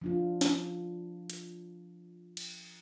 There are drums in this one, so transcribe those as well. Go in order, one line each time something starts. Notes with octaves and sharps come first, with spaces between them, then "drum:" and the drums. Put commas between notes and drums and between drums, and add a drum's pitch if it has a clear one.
F3 D4 F4
drum: snare
drum: hi-hat
drum: cymbal